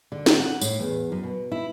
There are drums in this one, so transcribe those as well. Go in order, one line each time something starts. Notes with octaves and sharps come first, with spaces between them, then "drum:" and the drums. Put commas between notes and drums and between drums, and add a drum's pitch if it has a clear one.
D3
drum: snare
F#5
A2, drum: tambourine
E2
F#2
B2
E4